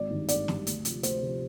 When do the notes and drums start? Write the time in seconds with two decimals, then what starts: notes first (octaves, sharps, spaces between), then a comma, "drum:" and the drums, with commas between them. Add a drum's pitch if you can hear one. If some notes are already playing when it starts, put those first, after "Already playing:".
Already playing: G#1 D5
0.10 G2 D#3
0.28 G#1 D5, drum: hi-hat
0.48 G2 D#3, drum: snare
0.67 D2, drum: hi-hat
0.85 C3 F3, drum: hi-hat
1.03 D2 C5, drum: hi-hat
1.22 C3 F3